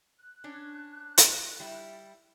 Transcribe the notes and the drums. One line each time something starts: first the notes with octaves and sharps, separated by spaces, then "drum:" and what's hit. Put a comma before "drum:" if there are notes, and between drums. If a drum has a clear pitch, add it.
F#6
C#4 D4
drum: hi-hat
G3 E4